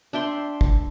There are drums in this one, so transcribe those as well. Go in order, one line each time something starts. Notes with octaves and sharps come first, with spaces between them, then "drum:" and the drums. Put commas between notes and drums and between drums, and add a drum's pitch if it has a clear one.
D4 E5 G5 C6
drum: kick